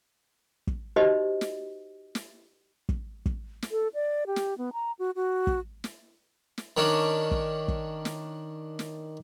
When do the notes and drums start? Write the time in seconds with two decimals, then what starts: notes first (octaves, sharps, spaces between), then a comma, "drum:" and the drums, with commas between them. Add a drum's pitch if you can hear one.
0.67 drum: kick
0.96 D#4 F#4 G4 C5 D5 D#5
1.41 drum: snare
2.15 drum: snare
2.89 drum: kick
3.26 drum: kick
3.62 drum: snare
3.71 A4
3.94 D5
4.27 G4
4.36 drum: snare
4.58 B3
4.73 A#5
4.99 F#4
5.16 F#4
5.47 drum: kick
5.84 drum: snare
6.58 drum: snare
6.77 D#3 C#4 D4
7.31 drum: kick
7.68 drum: kick
8.05 drum: snare
8.79 drum: snare